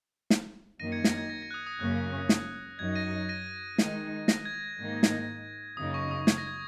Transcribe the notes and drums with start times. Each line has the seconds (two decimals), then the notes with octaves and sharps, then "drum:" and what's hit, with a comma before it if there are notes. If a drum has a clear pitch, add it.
0.30 drum: snare
0.80 F#2 D#3 A#3 D#4 A#6 D#7
0.92 G#6 C#7
1.04 A#6, drum: snare
1.17 G#6
1.30 A#6
1.42 A#6
1.51 F#6
1.54 D#6
1.67 D#6
1.80 F#2 C#3 A#3 C#4 F#6
2.29 drum: snare
2.79 F#2 F#3 D#4 G#6
2.95 A#6 D#7
3.29 A#6 D#7
3.78 D#3 G#3 D#4, drum: snare
4.28 A#6, drum: snare
4.45 G#6
4.78 G#2 D#3 A#3 D#4
5.03 drum: snare
5.77 F#2 C#3 A#3 D#4 D#6
5.94 C#6
6.11 D#6
6.27 G#6, drum: snare
6.38 A#6
6.47 G#6